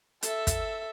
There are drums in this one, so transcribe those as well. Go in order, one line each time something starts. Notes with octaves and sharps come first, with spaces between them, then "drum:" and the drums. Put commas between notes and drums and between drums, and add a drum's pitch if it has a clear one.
A4 E5, drum: hi-hat
drum: kick, hi-hat